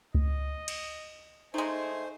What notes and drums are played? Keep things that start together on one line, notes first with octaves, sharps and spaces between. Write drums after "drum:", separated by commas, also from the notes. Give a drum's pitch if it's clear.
D#5, drum: kick C#2
drum: cymbal
G#3 A3 D#4 C5 G#5